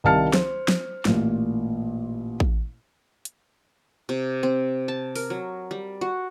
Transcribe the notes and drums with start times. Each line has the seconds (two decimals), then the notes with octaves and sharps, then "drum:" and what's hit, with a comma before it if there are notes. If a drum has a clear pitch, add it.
0.04 C2 D#3 F5 A5 F6 C#7
0.33 C5, drum: snare
0.68 drum: snare
1.05 A1 A#2, drum: snare
2.40 drum: kick A1
3.25 drum: hi-hat
4.09 C3
4.43 C4
4.88 A5
5.15 A#4, drum: open hi-hat
5.30 F#3
5.71 G3
6.01 F#4